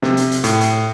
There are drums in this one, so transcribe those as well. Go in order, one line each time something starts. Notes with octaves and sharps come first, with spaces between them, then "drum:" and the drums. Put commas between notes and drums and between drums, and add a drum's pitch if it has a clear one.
C3, drum: snare
drum: hi-hat
drum: hi-hat
A2, drum: hi-hat
drum: hi-hat